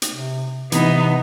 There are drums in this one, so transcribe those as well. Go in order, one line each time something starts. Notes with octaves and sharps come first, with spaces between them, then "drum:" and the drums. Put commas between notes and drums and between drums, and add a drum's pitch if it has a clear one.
drum: hi-hat
C3
C3 E3 B3 D#4, drum: hi-hat